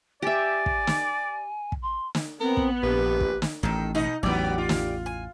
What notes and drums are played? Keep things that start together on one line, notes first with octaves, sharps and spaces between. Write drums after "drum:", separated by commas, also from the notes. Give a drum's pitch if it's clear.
G4 D5 E5 G#5
drum: kick
drum: snare
drum: kick
C6
drum: snare
B3 C4 A#4
drum: kick
A#1 G4 B4
drum: kick
drum: snare
A1 A2 D#3 A4
B2 F#3 B3 D#4 D#5
A1 E2 F#3 B3 G4 D5
F4
drum: snare
G#5